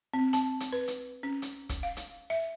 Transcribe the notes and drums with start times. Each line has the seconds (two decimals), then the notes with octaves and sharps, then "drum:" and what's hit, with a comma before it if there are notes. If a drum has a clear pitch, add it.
0.14 C4
0.33 A5, drum: hi-hat
0.60 drum: hi-hat
0.73 B4
0.88 drum: hi-hat
1.23 C#4
1.42 drum: hi-hat
1.69 drum: kick, hi-hat
1.83 F5
1.97 drum: hi-hat
2.30 E5